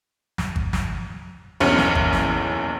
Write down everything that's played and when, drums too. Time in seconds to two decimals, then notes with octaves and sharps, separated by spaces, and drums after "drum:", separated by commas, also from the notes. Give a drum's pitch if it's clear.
0.38 drum: snare
0.56 drum: kick G#1
0.73 drum: snare
1.60 F#1 B1 E2 C#4 F6 C#7
1.78 drum: snare
1.95 drum: kick G#1
2.13 drum: snare